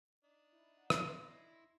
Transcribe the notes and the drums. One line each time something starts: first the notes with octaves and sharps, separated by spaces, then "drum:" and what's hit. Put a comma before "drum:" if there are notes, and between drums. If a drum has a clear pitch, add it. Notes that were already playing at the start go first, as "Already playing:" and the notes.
D4 D#4
E4
F#5
B3 F#4 F5, drum: rim click
C6 G#6 A#6 C7
E4